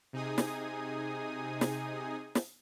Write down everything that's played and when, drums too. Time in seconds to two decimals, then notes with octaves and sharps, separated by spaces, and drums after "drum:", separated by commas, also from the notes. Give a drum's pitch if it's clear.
0.13 C3 D#4 G#4 G#5 D#6
0.38 drum: snare
1.61 drum: snare
2.35 drum: snare